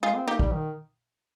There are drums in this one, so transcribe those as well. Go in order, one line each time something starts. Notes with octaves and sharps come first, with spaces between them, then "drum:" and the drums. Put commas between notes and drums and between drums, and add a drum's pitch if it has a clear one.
G#3 F4 G#4
C4
A#3 D#4 G4
G3, drum: kick
D#3